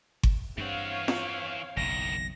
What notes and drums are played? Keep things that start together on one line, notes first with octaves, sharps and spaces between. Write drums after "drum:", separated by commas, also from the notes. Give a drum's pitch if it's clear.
drum: kick G1
G2 E3 C4 C#5 F5 F#5
drum: snare
F#1 B1 E2 D#3 A#6